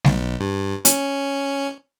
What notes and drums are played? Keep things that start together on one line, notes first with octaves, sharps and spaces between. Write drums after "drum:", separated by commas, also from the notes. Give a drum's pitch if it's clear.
B1, drum: snare G3
G2
C#4, drum: hi-hat